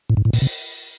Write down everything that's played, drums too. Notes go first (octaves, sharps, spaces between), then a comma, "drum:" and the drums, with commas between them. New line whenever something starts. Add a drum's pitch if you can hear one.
A2
G#2
A2
A#2, drum: open hi-hat
C3